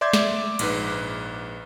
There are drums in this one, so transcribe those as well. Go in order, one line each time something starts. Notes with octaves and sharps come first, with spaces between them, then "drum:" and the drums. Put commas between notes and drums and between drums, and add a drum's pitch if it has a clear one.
D5 E5 C6 D6 G6 G#6
drum: snare
A#1 G#2 B4, drum: cymbal